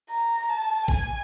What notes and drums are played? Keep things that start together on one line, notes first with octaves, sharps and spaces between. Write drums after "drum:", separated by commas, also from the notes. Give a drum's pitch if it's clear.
A#5
A5
G#5, drum: kick G#1